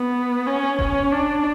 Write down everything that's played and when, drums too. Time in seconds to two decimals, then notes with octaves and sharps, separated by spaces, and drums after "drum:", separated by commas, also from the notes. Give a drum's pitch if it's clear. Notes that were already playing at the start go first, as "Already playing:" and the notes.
Already playing: B3
0.47 C#4
0.79 C#4, drum: kick F1
1.12 D4